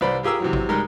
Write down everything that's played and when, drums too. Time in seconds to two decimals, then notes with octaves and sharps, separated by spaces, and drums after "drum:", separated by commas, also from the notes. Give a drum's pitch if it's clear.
0.01 C2 B4 C5 D5 B5
0.23 F4 G4 G#4 A#4 E6
0.40 C3 E3 F#3
0.53 drum: kick
0.69 G3 G#3 D#4 A#4